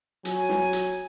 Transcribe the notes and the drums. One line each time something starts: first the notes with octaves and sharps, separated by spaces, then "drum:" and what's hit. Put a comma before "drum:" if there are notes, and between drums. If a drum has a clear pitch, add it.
F#3 G#5, drum: hi-hat
drum: snare
drum: hi-hat